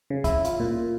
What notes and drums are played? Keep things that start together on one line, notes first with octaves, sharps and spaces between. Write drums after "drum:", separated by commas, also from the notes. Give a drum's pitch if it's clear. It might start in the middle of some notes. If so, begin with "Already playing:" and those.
C#3
E4, drum: kick, hi-hat
F4, drum: hi-hat
A#2